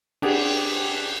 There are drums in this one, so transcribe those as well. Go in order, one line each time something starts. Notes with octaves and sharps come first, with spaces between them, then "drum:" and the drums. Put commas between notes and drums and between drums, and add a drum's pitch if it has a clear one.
D4 G4 G#4 F#5, drum: cymbal